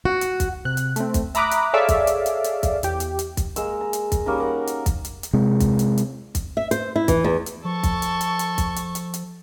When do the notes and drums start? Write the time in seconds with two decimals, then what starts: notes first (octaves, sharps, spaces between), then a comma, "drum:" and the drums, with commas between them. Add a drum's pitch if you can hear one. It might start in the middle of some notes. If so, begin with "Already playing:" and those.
0.05 F#4
0.21 drum: hi-hat
0.40 drum: kick, hi-hat
0.65 C3 F#6
0.77 drum: hi-hat
0.96 A3 C4, drum: hi-hat
1.14 drum: kick, hi-hat
1.35 E5 A#5 B5 D6 D#6 F#6, drum: hi-hat
1.51 drum: hi-hat
1.73 G#4 A4 C#5 D5 E5 F5
1.89 drum: kick, hi-hat
2.07 drum: hi-hat
2.26 drum: hi-hat
2.44 drum: hi-hat
2.63 drum: kick, hi-hat
2.83 E2 G4, drum: hi-hat
3.00 drum: hi-hat
3.19 drum: hi-hat
3.37 drum: kick, hi-hat
3.56 G#3 A#3 E6, drum: hi-hat
3.81 A#5
3.93 drum: hi-hat
4.12 drum: kick, hi-hat
4.26 G3 A#3 C#4 D#4
4.40 A#4 F#5 A#5
4.67 drum: hi-hat
4.86 drum: kick, hi-hat
5.05 drum: hi-hat
5.23 drum: hi-hat
5.33 C3 G#3
5.60 drum: kick, hi-hat
5.79 drum: hi-hat
5.98 drum: hi-hat
6.35 drum: kick, hi-hat
6.57 E5
6.71 C5, drum: hi-hat
6.96 E4
7.08 E3, drum: kick, hi-hat
7.24 E2
7.46 drum: hi-hat
7.65 F3 A4 C#6
7.83 drum: kick, hi-hat
8.02 drum: hi-hat
8.21 drum: hi-hat
8.39 drum: hi-hat
8.58 drum: kick, hi-hat
8.76 drum: hi-hat
8.95 drum: hi-hat
9.14 drum: hi-hat